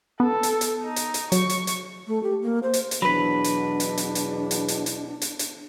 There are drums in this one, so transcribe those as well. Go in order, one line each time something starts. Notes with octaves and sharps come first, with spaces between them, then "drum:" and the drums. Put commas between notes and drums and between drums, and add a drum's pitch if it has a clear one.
B3 A4
drum: hi-hat
drum: hi-hat
D#4
drum: hi-hat
drum: hi-hat
F#3 C#6, drum: hi-hat
drum: hi-hat
drum: hi-hat
A3
G4
A#3
C5
drum: hi-hat
drum: hi-hat
E2 B2 F#3 D4 B4 B5 B6
drum: hi-hat
drum: hi-hat
drum: hi-hat
drum: hi-hat
drum: hi-hat
drum: hi-hat
drum: hi-hat
drum: hi-hat
drum: hi-hat